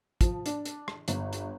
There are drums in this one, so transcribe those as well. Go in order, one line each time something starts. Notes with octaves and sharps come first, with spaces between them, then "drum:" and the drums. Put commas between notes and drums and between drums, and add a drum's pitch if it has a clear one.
F3, drum: kick, hi-hat
D4, drum: hi-hat
drum: hi-hat
drum: rim click
G1, drum: hi-hat
drum: hi-hat